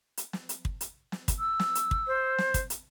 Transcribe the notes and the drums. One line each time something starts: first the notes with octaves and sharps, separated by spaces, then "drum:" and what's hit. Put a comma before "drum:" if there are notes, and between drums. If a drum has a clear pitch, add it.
drum: hi-hat
drum: snare
drum: hi-hat
drum: kick
drum: hi-hat
drum: snare
drum: kick, hi-hat
E6
drum: snare
drum: hi-hat
drum: kick
C5
drum: snare
drum: kick, hi-hat
drum: hi-hat